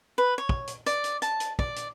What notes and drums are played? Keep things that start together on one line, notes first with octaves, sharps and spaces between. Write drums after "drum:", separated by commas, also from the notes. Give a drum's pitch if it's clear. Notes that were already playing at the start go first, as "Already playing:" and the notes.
B4
C#5
drum: kick
drum: hi-hat
D5, drum: hi-hat
drum: hi-hat
A5, drum: hi-hat
drum: hi-hat
D5, drum: kick
drum: hi-hat